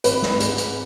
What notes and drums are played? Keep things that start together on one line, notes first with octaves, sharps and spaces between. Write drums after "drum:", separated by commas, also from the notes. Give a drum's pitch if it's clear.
G#1 B4, drum: hi-hat
drum: snare
G#2 G#3, drum: hi-hat
drum: hi-hat